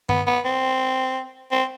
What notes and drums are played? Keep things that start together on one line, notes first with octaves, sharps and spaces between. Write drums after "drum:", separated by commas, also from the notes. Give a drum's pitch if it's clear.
B3, drum: tom G2
B3
C4
C4